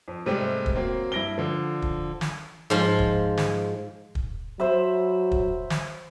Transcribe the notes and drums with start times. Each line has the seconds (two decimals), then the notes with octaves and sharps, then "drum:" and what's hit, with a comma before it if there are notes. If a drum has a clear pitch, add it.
0.08 F2
0.26 G#2 C3 G3 A3 C4
0.66 drum: kick
0.76 F#3 A#3 C4
1.12 G2 E4 A#6 D7 G7
1.38 D3 F3
1.82 drum: kick
2.21 drum: snare
2.70 G#2 F3 F4
2.99 drum: kick
3.37 drum: snare
4.15 drum: kick
4.60 F#3 C5 E5 B5
5.31 drum: kick
5.70 drum: snare